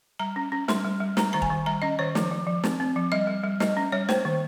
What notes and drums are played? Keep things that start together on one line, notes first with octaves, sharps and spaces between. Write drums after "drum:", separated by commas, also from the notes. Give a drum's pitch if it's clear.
G3 A#5
C#4
C#4
G3 C6, drum: snare
G3
G3
G3 A#5, drum: snare
D#3 A#5
G#5, drum: kick
D#3
G3 A#5
C#4 D#5
D#3 C#5
F3, drum: snare
F3
F3
C4, drum: snare
C4
F3
G3 D#5
G3
G3
G3 D#5, drum: snare
C#4
G3 C#5
A#3 C5, drum: snare
D#3